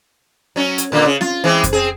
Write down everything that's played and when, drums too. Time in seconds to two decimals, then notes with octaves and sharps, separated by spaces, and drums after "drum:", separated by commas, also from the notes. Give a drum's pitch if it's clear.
0.56 F#3 C#4
0.78 drum: hi-hat
0.92 A#2 D3 A#3
1.06 C#3
1.21 F4, drum: snare C4
1.44 E3 G#3 C4
1.64 drum: kick F2, hi-hat
1.73 C4 G#4